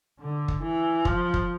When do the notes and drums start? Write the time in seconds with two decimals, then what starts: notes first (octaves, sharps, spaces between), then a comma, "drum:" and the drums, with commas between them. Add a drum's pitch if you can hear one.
0.20 D3
0.48 drum: kick
0.62 E3
1.05 F3, drum: kick
1.34 drum: kick